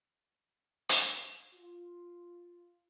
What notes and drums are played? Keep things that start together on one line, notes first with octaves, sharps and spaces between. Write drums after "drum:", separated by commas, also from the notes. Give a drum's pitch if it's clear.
drum: hi-hat
F4